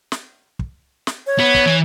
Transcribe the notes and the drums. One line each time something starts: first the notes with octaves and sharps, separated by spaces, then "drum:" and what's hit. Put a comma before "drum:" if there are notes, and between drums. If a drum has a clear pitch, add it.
drum: snare
drum: kick
drum: snare
C#5
B3
drum: kick
E3